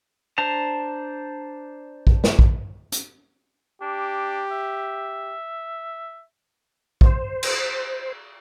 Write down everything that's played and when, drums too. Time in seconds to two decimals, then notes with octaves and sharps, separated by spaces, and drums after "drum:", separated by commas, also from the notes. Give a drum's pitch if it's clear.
0.38 D4 C5 A5 A#5
2.07 drum: kick A#1
2.24 drum: snare
2.39 drum: kick A#1
2.92 drum: hi-hat
3.82 D4 G4
4.51 E5
7.01 C5, drum: kick A#1
7.43 drum: cymbal